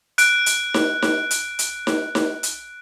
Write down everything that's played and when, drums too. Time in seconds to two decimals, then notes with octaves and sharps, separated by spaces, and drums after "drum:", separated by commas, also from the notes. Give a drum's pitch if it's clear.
0.18 F#6 D7, drum: hi-hat
0.46 drum: hi-hat
0.74 drum: snare D#4
1.02 drum: snare D#4
1.31 drum: hi-hat
1.59 drum: hi-hat
1.87 drum: snare D#4
2.15 drum: snare D#4
2.43 drum: hi-hat